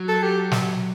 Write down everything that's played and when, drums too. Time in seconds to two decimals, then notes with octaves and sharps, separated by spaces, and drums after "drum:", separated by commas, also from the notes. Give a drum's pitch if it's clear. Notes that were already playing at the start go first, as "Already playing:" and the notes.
Already playing: F#3
0.08 A4
0.23 G4
0.51 drum: snare